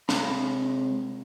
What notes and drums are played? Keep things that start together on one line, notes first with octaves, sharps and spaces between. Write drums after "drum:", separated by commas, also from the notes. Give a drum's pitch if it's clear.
C3 G#3 F5 A#5 B5, drum: snare